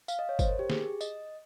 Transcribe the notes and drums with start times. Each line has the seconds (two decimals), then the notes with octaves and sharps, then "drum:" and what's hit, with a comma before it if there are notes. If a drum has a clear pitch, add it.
0.08 F5, drum: tambourine
0.19 D#5
0.29 C#5
0.39 C5, drum: kick G1, tambourine
0.49 A#4
0.59 G4
0.70 G#4, drum: snare
1.01 D#5, drum: tambourine